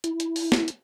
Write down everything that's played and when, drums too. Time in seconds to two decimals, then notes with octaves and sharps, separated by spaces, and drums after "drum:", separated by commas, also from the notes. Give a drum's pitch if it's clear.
0.04 E4, drum: hi-hat
0.20 drum: hi-hat
0.36 drum: open hi-hat
0.52 drum: snare
0.68 drum: hi-hat